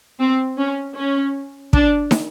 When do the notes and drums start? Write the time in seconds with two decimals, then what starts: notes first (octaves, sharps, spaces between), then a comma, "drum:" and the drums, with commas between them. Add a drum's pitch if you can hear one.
0.20 C4
0.57 C#4
0.96 C#4
1.73 D4, drum: kick
2.11 drum: snare